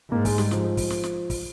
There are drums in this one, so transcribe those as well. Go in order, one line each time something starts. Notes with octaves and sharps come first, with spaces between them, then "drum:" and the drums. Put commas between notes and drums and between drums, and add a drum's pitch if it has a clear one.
G#2 A#3
G#3, drum: kick, open hi-hat
G3, drum: snare
F3, drum: snare
drum: kick, open hi-hat
drum: snare
drum: snare
drum: kick, open hi-hat